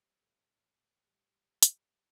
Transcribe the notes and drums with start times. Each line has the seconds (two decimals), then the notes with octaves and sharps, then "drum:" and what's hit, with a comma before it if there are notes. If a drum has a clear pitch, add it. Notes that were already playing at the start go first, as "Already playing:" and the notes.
Already playing: A1 G3 C5
0.20 A2
0.49 A1
0.78 A1
1.07 G3
1.63 drum: hi-hat